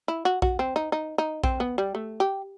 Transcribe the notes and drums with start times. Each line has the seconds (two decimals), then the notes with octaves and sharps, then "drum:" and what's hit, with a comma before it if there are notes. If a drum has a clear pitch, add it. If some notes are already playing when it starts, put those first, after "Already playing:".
0.08 E4
0.25 F#4
0.42 F#4, drum: kick A#1
0.59 C4
0.76 D#4
0.92 D#4
1.18 D#4
1.44 C4, drum: kick A#1
1.60 B3
1.78 G3
1.95 A3
2.20 G4